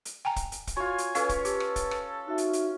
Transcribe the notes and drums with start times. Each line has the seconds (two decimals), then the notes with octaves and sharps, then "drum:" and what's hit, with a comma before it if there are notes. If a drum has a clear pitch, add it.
0.05 drum: hi-hat
0.25 G5 G#5 A#5
0.36 drum: kick, hi-hat
0.52 drum: hi-hat
0.67 drum: kick, hi-hat
0.77 F4 F#4 C#5 G#5
0.98 drum: hi-hat
1.15 C#4 A4 B4 F5, drum: hi-hat
1.29 drum: kick, hi-hat
1.45 G4 A4, drum: hi-hat
1.60 drum: rim click
1.76 drum: kick, hi-hat
1.91 drum: rim click
2.27 D#4 F#4 E5
2.38 drum: hi-hat
2.53 drum: hi-hat